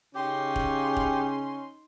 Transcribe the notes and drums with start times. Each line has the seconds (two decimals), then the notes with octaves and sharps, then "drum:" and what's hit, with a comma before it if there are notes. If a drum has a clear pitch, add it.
0.15 C#3 C#4 D#4 G4 C6
0.56 drum: kick E1
0.97 drum: kick E1